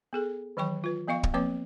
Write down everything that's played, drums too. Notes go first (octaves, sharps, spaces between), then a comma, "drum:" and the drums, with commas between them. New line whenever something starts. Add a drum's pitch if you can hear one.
B3 G#4 A4
D#3 E3 F#3 C#5 G5 C#6
F4 B4
F3 B3 D#5 F5 C#6
drum: kick
F3 A#3 C4 B4 C#5 D6